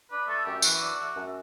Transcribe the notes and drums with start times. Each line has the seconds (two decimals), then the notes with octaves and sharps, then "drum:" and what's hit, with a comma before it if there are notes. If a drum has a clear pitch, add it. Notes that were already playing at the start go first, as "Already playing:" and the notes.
0.10 D4 B4
0.27 A3 A4
0.46 F#2 G4
0.62 E3 F#4, drum: tambourine
0.80 D4
0.97 A3
1.15 F#2